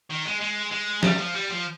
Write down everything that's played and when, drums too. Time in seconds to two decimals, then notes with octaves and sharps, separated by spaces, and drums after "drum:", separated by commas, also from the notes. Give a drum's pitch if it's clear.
0.10 D#3
0.26 G#3
0.41 G#3
0.72 G#3
1.03 G3, drum: snare
1.18 F3
1.34 G3
1.49 F3